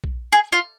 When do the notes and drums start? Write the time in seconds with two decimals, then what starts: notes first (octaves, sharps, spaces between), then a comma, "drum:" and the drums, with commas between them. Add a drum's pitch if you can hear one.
0.04 drum: kick A#1
0.32 G#4
0.52 F4